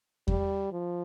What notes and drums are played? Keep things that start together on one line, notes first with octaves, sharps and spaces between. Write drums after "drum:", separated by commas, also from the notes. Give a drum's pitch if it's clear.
G3, drum: kick E2
F3